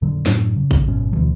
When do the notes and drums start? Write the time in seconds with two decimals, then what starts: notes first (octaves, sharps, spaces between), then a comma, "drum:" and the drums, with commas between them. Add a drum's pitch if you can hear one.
0.02 F2 A#2 D3 F#3
0.26 F#2 A2 F#3 D4, drum: snare
0.56 C#3
0.71 drum: kick A1, hi-hat
0.86 G#1 F#2 B2 C#4
1.12 D2 B2 E3 F#3